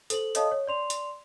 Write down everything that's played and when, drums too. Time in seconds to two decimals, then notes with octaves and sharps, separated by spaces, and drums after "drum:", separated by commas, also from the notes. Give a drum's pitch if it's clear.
0.10 A4 C5 F#7, drum: hi-hat
0.35 A4 C#5 D#5 F5 A5 D#6, drum: hi-hat
0.51 C#5
0.67 D5 C6 F7
0.90 drum: hi-hat